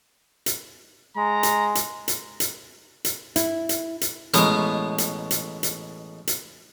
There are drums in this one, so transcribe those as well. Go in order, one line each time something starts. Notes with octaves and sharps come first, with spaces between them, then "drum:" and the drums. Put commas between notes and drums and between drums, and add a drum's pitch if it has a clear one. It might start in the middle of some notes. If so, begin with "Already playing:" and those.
drum: hi-hat
G#3 A#5
drum: hi-hat
drum: hi-hat
drum: hi-hat
drum: hi-hat
drum: hi-hat
E4, drum: hi-hat
drum: hi-hat
drum: hi-hat
A1 B2 G#3 B3 A#4, drum: hi-hat
drum: hi-hat
drum: hi-hat
drum: hi-hat
drum: hi-hat